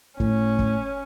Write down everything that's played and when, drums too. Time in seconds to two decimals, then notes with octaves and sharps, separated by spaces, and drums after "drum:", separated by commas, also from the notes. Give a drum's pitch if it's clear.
0.20 A2 C#4, drum: kick
0.59 drum: kick